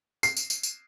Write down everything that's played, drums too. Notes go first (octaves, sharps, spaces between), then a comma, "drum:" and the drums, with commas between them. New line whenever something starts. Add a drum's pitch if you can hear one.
C7, drum: tambourine
drum: tambourine
drum: tambourine
drum: tambourine